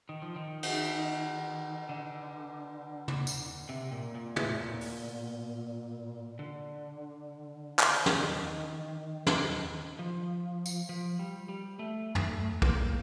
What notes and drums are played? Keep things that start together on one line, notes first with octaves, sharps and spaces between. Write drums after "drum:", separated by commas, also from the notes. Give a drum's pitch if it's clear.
D#3
F3
D#3
drum: cymbal
D3
drum: tom
drum: tambourine
C3
A#2
A#2
A2, drum: tom
A#2
drum: open hi-hat
D3
drum: clap
drum: snare
D#3
drum: snare
F3
drum: tambourine
F3
G3
G3
A3
drum: tom
C4, drum: kick
A#3